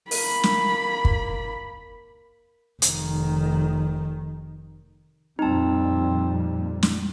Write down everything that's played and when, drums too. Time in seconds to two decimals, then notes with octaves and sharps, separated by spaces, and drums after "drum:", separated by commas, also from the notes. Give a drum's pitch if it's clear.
0.11 A#3 B5, drum: open hi-hat
0.43 drum: snare
1.05 drum: kick
2.82 F1 D#3, drum: hi-hat
5.39 F2 A#2 G3 C4 D#4 A5
6.83 drum: snare